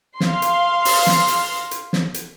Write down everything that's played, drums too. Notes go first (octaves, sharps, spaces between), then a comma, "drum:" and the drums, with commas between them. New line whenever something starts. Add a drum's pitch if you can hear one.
F5 C6, drum: snare
drum: hi-hat
drum: open hi-hat
drum: snare
drum: hi-hat
drum: hi-hat
drum: snare
drum: hi-hat